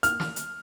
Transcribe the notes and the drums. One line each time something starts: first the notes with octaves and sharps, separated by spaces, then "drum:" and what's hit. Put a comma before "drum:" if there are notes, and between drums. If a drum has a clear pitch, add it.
F6, drum: hi-hat
drum: snare
drum: hi-hat